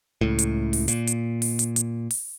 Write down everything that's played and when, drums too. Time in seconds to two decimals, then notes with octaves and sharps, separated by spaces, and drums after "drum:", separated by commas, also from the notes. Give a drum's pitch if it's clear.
0.21 C#2 A2
0.39 drum: hi-hat
0.73 drum: open hi-hat
0.88 A#2, drum: hi-hat
1.07 drum: hi-hat
1.42 drum: open hi-hat
1.59 drum: hi-hat
1.76 drum: hi-hat
2.11 drum: open hi-hat